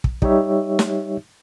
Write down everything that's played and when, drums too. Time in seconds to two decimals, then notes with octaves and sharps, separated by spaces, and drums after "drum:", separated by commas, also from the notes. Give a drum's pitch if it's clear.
0.04 drum: kick
0.22 G3 D#4 G4 C#5 E5, drum: kick
0.79 drum: snare